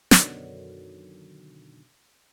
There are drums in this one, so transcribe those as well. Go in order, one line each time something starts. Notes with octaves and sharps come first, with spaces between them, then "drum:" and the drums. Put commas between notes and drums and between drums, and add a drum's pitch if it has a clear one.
F#2 B2 D3 D#3 F#3, drum: snare